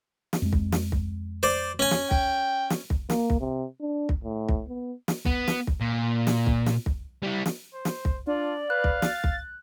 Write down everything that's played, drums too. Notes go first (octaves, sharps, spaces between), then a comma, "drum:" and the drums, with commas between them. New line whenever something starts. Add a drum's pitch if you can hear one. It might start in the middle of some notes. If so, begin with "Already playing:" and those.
drum: snare
F2 G#3
drum: kick
drum: snare
drum: kick
C5 D5
C#4 G#5
drum: snare
G5, drum: kick
drum: snare
drum: kick
A#3, drum: snare
drum: kick
C3
D4
drum: kick
A2
drum: kick
B3
drum: snare
B3, drum: kick
drum: snare
drum: kick
A#2
drum: snare
drum: kick
drum: snare
drum: kick
G3 E4
drum: snare
C5
drum: snare
drum: kick
D4 F4 D5
B4 F5 F#6
drum: kick
A6, drum: snare
drum: kick